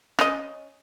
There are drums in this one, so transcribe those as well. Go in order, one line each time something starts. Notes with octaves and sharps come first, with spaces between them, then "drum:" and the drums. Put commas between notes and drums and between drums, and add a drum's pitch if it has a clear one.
C#4 D#5, drum: rim click